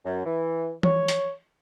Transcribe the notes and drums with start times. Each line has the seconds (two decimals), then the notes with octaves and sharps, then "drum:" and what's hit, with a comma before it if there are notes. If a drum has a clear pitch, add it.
0.05 F#2
0.25 E3
0.83 C#5, drum: tom E3
1.08 drum: hi-hat